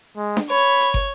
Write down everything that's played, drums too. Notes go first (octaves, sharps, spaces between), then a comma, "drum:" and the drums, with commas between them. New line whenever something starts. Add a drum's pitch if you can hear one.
G#3
drum: snare D4
C#5 B5
drum: hi-hat
drum: kick